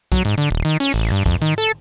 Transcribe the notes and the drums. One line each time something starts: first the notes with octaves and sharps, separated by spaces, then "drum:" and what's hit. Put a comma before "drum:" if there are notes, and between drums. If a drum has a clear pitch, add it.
F#3, drum: kick, hi-hat
G#2
D3
D#1
D#3
C#4, drum: open hi-hat
A1
G2
F2, drum: kick, hi-hat
D#3
A4